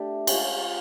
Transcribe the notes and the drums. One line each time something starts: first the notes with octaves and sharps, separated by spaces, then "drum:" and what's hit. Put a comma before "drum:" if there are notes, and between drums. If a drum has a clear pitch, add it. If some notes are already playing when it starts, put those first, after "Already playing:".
Already playing: A3 D4 G4
G#3 C#4 F4, drum: cymbal